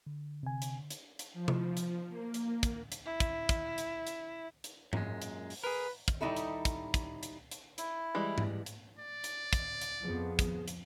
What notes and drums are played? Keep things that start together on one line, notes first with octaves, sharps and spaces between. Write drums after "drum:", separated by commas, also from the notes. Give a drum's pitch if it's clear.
D3
C3 G#5
drum: hi-hat
drum: hi-hat
drum: hi-hat
F3
drum: tom C3
drum: hi-hat
A#3
drum: hi-hat
drum: kick, hi-hat
drum: hi-hat
E4
drum: kick, hi-hat
drum: kick, hi-hat
drum: hi-hat
drum: hi-hat
drum: hi-hat
F#2 A#2 G#3, drum: tom G#2
drum: hi-hat
drum: open hi-hat
G#4 A#4 B4
drum: kick, hi-hat
D#3 G3 C#4 D#4 E4 A4
drum: hi-hat
drum: kick, hi-hat
drum: kick, hi-hat
drum: hi-hat
drum: hi-hat
E4, drum: hi-hat
E3 G3 G#3
drum: tom G#2
drum: hi-hat
D5
drum: hi-hat
drum: kick, hi-hat
drum: hi-hat
F2 F3 B3 G#4
drum: kick, hi-hat
drum: hi-hat